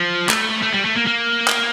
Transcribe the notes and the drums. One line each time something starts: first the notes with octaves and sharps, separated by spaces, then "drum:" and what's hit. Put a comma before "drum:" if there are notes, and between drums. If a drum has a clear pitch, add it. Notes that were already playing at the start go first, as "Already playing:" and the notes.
Already playing: F3
A3, drum: clap
A3
G3
A3
A#3
A#3
drum: clap